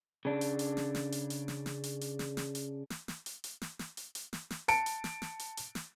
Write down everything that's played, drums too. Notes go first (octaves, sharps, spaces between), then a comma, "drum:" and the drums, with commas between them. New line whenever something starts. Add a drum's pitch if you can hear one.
C#3 D4
drum: hi-hat
drum: hi-hat
drum: snare
drum: snare
drum: hi-hat
drum: hi-hat
drum: snare
drum: snare
drum: hi-hat
drum: hi-hat
drum: snare
drum: snare
drum: hi-hat
drum: snare
drum: snare
drum: hi-hat
drum: hi-hat
drum: snare
drum: snare
drum: hi-hat
drum: hi-hat
drum: snare
drum: snare
A5 C#7 D7, drum: hi-hat
drum: hi-hat
drum: snare
drum: snare
drum: hi-hat
drum: hi-hat
drum: snare